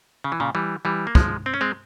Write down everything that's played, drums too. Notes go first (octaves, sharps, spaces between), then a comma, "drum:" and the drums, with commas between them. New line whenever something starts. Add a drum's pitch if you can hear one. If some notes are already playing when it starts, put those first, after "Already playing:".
C#3
E3
A#2 C#3
E3 G3
E3 G3
A#3
F3 G#3, drum: kick
C4
C#4
G#3 C4